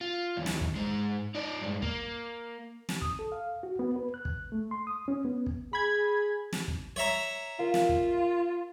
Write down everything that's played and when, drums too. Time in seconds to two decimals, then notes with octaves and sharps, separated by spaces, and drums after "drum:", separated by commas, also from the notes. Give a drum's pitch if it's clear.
0.01 F4
0.37 D#2 E3
0.46 drum: snare
0.61 drum: kick
0.76 G#2 G#3
1.35 D#4 D5
1.61 G2 G#3
1.82 A#3, drum: kick
2.89 drum: snare
3.02 D#6, drum: kick
3.19 A4
3.32 F5
3.63 F#4
3.79 B3
3.96 B4
4.14 F#6
4.25 drum: kick
4.52 A3
4.71 C6
4.87 D#6
5.08 C#4
5.25 B3
5.46 drum: kick
5.73 G#4 B5 G#6
6.53 drum: snare
6.68 drum: kick
6.96 C#5 E5 A#5
7.59 F4 A#4 F5
7.74 drum: snare
7.89 drum: kick